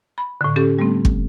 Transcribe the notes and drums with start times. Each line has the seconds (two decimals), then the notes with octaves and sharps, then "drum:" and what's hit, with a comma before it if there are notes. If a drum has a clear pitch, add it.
0.18 B5
0.41 A2 D3
0.56 C#4 G4 A4
0.79 G3 A3 B3 C4
1.05 drum: kick